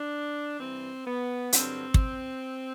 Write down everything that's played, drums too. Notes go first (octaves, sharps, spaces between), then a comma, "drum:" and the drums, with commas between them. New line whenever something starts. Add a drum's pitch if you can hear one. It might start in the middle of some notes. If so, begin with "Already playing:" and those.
Already playing: D4
G2 E3 C4
B3
G2 D3 F#3 C4, drum: hi-hat
drum: kick